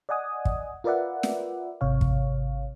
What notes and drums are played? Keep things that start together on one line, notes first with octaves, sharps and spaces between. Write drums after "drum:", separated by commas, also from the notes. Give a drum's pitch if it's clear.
D5 D#5 F#5 G#5 D#6
drum: kick
F4 A#4 B4 D5 E5 F#5
drum: snare
G#1 C3 C#5 F5
drum: kick